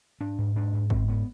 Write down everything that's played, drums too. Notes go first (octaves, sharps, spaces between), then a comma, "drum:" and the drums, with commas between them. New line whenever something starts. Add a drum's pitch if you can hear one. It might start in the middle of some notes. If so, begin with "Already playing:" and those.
G#2 D4
G#2
G#2 D4
G#2
G#2 C4, drum: kick
G#2 B3